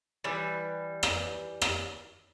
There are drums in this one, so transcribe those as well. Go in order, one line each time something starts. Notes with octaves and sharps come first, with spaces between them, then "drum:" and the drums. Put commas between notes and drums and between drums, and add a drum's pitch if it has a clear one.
E3 G3
drum: rim click
drum: rim click